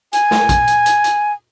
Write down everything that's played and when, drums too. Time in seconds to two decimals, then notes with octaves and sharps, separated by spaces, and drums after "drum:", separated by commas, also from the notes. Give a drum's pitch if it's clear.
0.13 G#5, drum: hi-hat
0.31 drum: snare
0.49 drum: kick, hi-hat
0.67 drum: hi-hat
0.86 drum: hi-hat
1.04 drum: hi-hat